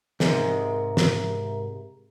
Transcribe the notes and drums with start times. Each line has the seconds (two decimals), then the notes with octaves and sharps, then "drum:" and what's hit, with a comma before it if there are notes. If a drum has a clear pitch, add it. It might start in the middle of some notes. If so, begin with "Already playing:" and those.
0.20 G#2 C3 G#3 A#4 E5 A#5, drum: snare
0.97 drum: snare